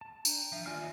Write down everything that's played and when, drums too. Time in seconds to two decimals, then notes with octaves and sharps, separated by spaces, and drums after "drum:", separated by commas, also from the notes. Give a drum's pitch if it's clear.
0.01 A5
0.25 D4 G5 A#5, drum: tambourine
0.52 F3 E5 F5
0.66 D#2 D#4 F4 D5 G#5 F6